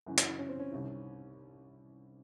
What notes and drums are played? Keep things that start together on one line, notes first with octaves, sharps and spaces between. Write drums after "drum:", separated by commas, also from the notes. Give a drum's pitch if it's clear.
F#2 C#3 E3
F#4, drum: hi-hat
E4
C#4
C4
C#4
C2 C3 D#3